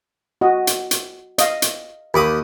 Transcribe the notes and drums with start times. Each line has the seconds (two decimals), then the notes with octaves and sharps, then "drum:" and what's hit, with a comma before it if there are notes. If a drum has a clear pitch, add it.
0.41 F#4 D#5
0.67 drum: hi-hat
0.91 drum: hi-hat
1.38 D#5 F5, drum: hi-hat
1.62 drum: hi-hat
2.14 D#2 B5 D6 D#6